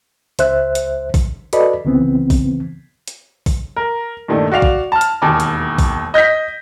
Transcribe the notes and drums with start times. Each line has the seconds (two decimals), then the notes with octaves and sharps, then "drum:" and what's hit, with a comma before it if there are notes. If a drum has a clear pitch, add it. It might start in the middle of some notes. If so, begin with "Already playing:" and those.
0.39 C#2 C5 E5 F#6, drum: hi-hat
0.75 drum: hi-hat
1.14 drum: kick A1, open hi-hat
1.53 F#4 A4 B4 D5 D#5 B5, drum: hi-hat
1.85 C2 C#3 E3 B3 C4
2.30 drum: kick A1, open hi-hat
3.08 drum: hi-hat
3.46 drum: kick A1, open hi-hat
3.76 A#4
4.28 G2 A#2 D#3 A3
4.52 F#4 D5 F5 F7
4.62 drum: kick A1
4.92 A5 F6
5.01 drum: hi-hat
5.22 E1 D#2 G#5 A5 D6
5.40 drum: hi-hat
5.78 drum: kick A1, open hi-hat
6.14 D#5 G6 A#6 B6